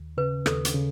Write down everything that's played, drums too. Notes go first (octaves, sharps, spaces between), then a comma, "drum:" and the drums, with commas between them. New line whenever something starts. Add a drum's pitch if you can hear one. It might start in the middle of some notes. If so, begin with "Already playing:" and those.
Already playing: D#2
C#3 B4
D#2 A4, drum: rim click
drum: hi-hat
C#3